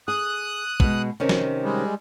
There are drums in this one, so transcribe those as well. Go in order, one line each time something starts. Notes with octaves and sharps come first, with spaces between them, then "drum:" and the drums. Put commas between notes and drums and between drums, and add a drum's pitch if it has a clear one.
G#4 D#6 F#6
B2 G#3, drum: kick
C3 D#3 C#4
drum: snare
G3 G#3